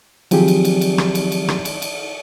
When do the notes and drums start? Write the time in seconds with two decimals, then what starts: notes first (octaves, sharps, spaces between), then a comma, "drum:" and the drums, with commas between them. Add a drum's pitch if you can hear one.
0.31 D#3 F3 F#3 C4 G4 G#4, drum: cymbal
0.48 drum: cymbal
0.65 drum: cymbal
0.81 drum: cymbal
0.98 drum: rim click
1.15 drum: cymbal
1.32 drum: cymbal
1.48 drum: rim click
1.65 drum: cymbal
1.82 drum: cymbal